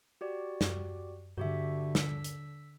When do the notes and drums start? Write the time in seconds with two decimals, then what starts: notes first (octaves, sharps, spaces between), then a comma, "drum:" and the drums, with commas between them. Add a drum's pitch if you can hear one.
0.21 F#4 G4 D5
0.61 F#2, drum: snare
1.38 G2 D3 F#4 G4 E5
1.95 E6 B6, drum: snare
2.24 drum: hi-hat